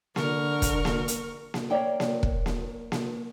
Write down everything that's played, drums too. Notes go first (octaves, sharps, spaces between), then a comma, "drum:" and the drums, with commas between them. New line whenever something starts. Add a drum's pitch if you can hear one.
D3 A#4 C#6, drum: snare A#3
drum: kick, hi-hat
drum: snare A#3
drum: hi-hat
drum: snare A#3
A#3 C#5 D5 E5 G5
drum: snare A#3
drum: kick
drum: snare A#3
drum: snare A#3